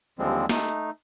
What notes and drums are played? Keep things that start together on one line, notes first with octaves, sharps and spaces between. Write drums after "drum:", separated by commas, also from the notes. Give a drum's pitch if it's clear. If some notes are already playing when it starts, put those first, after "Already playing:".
D#2 D3 F3 G3 G#3 C4
A3 D#4, drum: snare
drum: hi-hat